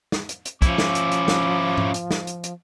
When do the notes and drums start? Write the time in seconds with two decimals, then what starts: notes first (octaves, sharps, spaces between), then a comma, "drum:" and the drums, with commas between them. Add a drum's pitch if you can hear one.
0.12 drum: snare
0.29 drum: hi-hat
0.45 drum: hi-hat
0.62 F3 C#4 E4 D6, drum: kick, hi-hat
0.78 drum: snare
0.95 drum: hi-hat
1.11 drum: hi-hat
1.28 drum: snare
1.78 drum: tom G#2
1.94 drum: hi-hat
2.11 drum: snare
2.27 drum: hi-hat
2.44 drum: hi-hat